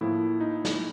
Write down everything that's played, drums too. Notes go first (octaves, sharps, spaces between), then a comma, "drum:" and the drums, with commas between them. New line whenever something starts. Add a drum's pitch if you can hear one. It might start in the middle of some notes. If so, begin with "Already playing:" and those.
A2 F3 A#3 E4
D#4
drum: snare